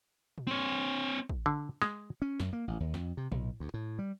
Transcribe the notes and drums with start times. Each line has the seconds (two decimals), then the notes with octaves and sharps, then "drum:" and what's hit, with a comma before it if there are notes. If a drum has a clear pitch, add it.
0.38 drum: tom A2
0.47 C4 C#5
1.29 drum: kick
1.46 D3
1.82 G#3, drum: snare
2.22 C#4
2.40 F#2, drum: snare
2.53 A#3
2.68 A1
2.80 D#2
2.94 F2, drum: snare
3.17 C3
3.32 B1, drum: tom
3.60 D2
3.74 A2
3.99 G3